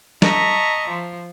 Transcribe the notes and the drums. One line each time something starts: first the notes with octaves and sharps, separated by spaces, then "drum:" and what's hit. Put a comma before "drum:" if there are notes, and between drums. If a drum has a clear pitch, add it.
D#5 E5 A5 A#5 C#6, drum: snare G3
F3